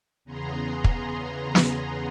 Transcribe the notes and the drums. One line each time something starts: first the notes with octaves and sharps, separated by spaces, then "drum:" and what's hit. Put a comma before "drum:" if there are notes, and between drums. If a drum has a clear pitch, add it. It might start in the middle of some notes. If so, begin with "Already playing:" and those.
E2 C#3 B3 G#4 A#5 C6
drum: kick
drum: snare